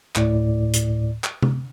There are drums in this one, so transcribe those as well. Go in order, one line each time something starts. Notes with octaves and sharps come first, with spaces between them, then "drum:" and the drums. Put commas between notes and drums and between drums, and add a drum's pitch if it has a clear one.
D2 A2 D5, drum: clap
drum: hi-hat
drum: clap
drum: tom C3